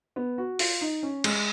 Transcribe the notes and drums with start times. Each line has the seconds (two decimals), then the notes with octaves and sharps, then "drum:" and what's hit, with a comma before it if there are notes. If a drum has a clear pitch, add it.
0.16 B3
0.38 F#4
0.59 F4, drum: open hi-hat
0.81 D#4
1.03 C#4
1.24 G#3, drum: cymbal